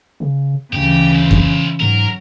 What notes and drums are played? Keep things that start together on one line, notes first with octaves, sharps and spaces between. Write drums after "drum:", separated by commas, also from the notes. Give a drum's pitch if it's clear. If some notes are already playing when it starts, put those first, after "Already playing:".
C#3
D2 C#3 E3 G4
E4 C5
drum: kick F2
G#2 F#3 A#4